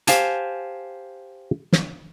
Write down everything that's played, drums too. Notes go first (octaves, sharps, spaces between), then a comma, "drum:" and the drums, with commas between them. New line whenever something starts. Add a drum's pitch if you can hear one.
G4 C5 F5 G#5 A5, drum: hi-hat
drum: snare